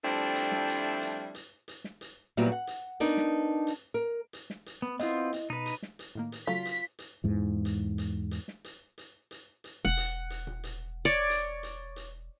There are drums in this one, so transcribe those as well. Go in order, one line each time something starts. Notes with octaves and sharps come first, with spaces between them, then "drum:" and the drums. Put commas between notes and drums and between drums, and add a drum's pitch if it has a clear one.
F3 G3 A3 C4 D4 E4
drum: hi-hat
drum: snare
drum: hi-hat
drum: hi-hat
drum: hi-hat
drum: hi-hat
drum: snare
drum: hi-hat
A#2 F#3 G3 B3 E4 F#4
F#5
drum: hi-hat
B3 D4 D#4 A#4, drum: hi-hat
drum: snare
drum: hi-hat
A#4
drum: hi-hat
drum: snare
drum: hi-hat
B3
B3 C4 E4 F4 D#5, drum: hi-hat
drum: hi-hat
B2 D#4 B4
drum: hi-hat
drum: snare
drum: hi-hat
A2 D#3 A#3
drum: hi-hat
C#3 F#3 A3 F4 B6
drum: hi-hat
drum: hi-hat
E2 G#2 E3
drum: hi-hat
drum: hi-hat
drum: hi-hat
drum: snare
drum: hi-hat
drum: hi-hat
drum: hi-hat
drum: hi-hat
E1 F#5
drum: hi-hat
drum: hi-hat
drum: tom A#2
drum: hi-hat
C#5 D5
drum: hi-hat
drum: hi-hat
drum: hi-hat